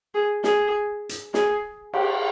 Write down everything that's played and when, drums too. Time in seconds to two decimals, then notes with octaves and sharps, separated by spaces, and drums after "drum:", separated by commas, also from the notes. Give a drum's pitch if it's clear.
0.14 G#4
0.44 G#4, drum: snare
1.09 drum: hi-hat
1.34 G#4, drum: snare
1.94 G4, drum: cymbal